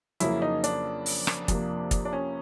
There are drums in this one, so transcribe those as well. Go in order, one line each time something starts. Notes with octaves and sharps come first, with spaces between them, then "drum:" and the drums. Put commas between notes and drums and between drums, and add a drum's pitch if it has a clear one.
F2 C#3 F#3 A#3 E4, drum: hi-hat
D#4
D4, drum: hi-hat
drum: open hi-hat
drum: rim click
F2 C3 F3 A#3, drum: kick, hi-hat
drum: kick, hi-hat
D4
C#4